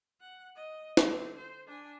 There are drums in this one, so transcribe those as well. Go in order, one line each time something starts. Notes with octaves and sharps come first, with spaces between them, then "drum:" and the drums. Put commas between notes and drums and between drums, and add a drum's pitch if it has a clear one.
F#5
D#5
D3 C4, drum: snare
C5
D4 G#5